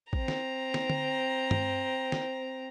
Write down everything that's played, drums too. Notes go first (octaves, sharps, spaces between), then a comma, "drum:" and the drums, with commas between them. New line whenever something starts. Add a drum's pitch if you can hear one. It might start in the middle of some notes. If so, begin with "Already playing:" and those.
C4 A#5, drum: kick A1
drum: snare
drum: snare
drum: tom D3
drum: tom G2
drum: snare